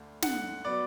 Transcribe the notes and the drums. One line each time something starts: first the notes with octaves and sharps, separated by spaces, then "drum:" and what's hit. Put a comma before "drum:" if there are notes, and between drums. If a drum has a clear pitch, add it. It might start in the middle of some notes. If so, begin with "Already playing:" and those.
Already playing: D2 D3 A3
F#5, drum: snare
F#3 B3 D5